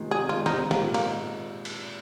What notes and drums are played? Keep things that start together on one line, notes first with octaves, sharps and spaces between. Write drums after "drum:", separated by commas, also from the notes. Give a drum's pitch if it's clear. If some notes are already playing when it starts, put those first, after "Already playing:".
Already playing: C3 D#3 F3 G#3
C3 F3 G#4
D#3 G#3 F4
C3 F3 D#4, drum: snare
G#2 C3
A#3, drum: snare
A#2
A#3, drum: cymbal
G#2
drum: cymbal